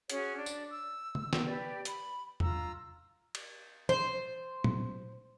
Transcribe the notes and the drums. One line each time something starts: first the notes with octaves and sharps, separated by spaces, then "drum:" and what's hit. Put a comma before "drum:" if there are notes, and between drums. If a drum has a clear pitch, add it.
C#4 F#4 G#4 C#5, drum: hi-hat
D4 D5
drum: tambourine
E6
drum: tom
drum: snare
G4 B4 D5
B5, drum: hi-hat
F4 A#5 E6, drum: tom E2
drum: cymbal
C5, drum: tom E3
drum: tom A#2